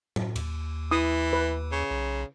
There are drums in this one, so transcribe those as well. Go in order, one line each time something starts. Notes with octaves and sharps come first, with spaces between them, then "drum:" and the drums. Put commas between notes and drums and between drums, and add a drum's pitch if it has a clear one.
drum: tom
D#2, drum: cymbal
E3 E4 D#6
B4
C#3
B1